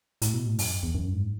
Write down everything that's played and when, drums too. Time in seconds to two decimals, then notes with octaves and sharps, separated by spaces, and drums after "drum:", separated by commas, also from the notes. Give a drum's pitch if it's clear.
0.22 A2, drum: hi-hat
0.34 B2
0.46 A2
0.59 F#2, drum: open hi-hat
0.83 E2
0.95 F#2
1.13 G#2